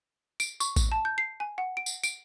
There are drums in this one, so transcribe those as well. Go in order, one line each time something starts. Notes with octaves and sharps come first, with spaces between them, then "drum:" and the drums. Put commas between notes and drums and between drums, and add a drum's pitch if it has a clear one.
D7, drum: tambourine
C#6, drum: tambourine
drum: kick A1, tambourine
A5
G6
C7
G#5
F#5
D7
drum: tambourine
D7, drum: tambourine